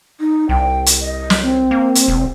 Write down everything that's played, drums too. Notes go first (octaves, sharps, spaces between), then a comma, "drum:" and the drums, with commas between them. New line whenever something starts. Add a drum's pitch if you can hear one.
D#4
C2 G5
drum: hi-hat
D#5
drum: snare
C4
A#3
drum: hi-hat
E1